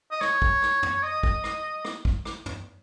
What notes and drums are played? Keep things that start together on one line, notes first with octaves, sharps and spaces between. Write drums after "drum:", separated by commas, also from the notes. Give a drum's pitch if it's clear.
D#5
C#5, drum: rim click
drum: kick
drum: rim click
drum: tom
D#5
drum: kick
drum: rim click
drum: rim click
drum: kick
drum: rim click
drum: tom